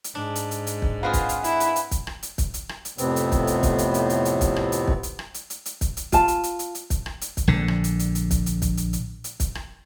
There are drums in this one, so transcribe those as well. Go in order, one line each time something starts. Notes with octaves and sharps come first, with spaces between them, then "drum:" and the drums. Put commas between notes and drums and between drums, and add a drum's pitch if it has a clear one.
drum: hi-hat
G#2 D4
drum: hi-hat
drum: hi-hat
drum: hi-hat
drum: kick
G#3 C4 F4 G#4 B4 F5 F#5
drum: kick, hi-hat
drum: hi-hat
E4, drum: hi-hat
drum: hi-hat
drum: hi-hat
drum: kick, hi-hat
drum: rim click
drum: hi-hat
drum: kick, hi-hat
drum: hi-hat
drum: rim click
drum: hi-hat
F2 A2 C3 B3 C4, drum: hi-hat
drum: hi-hat
drum: kick, hi-hat
drum: hi-hat
drum: kick, hi-hat
drum: hi-hat
drum: hi-hat
drum: hi-hat
drum: hi-hat
drum: kick, hi-hat
drum: rim click
drum: hi-hat
drum: kick
drum: hi-hat
drum: rim click
drum: hi-hat
drum: hi-hat
drum: hi-hat
drum: kick, hi-hat
drum: hi-hat
F4 A5, drum: kick, hi-hat
drum: hi-hat
drum: hi-hat
drum: hi-hat
drum: hi-hat
drum: kick, hi-hat
drum: rim click
drum: hi-hat
drum: kick, hi-hat
A#1 D3
drum: rim click
drum: hi-hat
drum: hi-hat
drum: hi-hat
drum: kick, hi-hat
drum: hi-hat
drum: kick, hi-hat
drum: hi-hat
drum: hi-hat
drum: hi-hat
drum: kick, hi-hat
drum: rim click